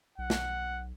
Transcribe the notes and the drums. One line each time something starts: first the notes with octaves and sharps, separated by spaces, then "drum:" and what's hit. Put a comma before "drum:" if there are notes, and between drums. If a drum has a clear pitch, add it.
B1 F#5
drum: snare